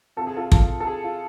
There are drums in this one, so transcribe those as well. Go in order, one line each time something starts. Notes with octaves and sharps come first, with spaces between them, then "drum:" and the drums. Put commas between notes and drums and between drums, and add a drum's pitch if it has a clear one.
C3 F3 A4
G#4
F4 A4
F4 A4, drum: kick
A4
G#4
F4